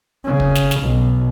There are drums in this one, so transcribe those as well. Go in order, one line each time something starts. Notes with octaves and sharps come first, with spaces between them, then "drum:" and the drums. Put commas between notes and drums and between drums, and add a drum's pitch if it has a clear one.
C#3
drum: kick
drum: snare
drum: snare
B1